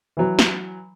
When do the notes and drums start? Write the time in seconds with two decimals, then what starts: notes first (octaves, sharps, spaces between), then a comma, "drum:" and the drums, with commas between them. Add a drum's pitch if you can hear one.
0.17 E3 F#3
0.39 drum: snare